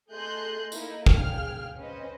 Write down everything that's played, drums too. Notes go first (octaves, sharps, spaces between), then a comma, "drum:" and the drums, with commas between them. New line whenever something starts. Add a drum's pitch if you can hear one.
A3 G#4 D#5 C6 F#6 G6
A#3 D#4 E4, drum: tambourine
G#4 F5 G5 F6, drum: kick G#1
C#4 B4 C5 D#5